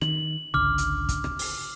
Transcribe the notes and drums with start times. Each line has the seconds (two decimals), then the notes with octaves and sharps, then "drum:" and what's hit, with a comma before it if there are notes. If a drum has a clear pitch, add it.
0.02 D#3 F#7, drum: rim click
0.54 G#1 C#2 D3 D6 F6
0.78 drum: hi-hat
1.09 drum: kick, hi-hat
1.24 drum: rim click
1.39 drum: open hi-hat